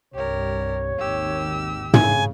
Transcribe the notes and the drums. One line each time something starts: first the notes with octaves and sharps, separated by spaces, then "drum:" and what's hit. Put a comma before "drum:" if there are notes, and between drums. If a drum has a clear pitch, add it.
C2 G2 G3 G4 A#4 C#5
G#1 D#2 D#3 G4 E6
A1 C#3 G#5, drum: tom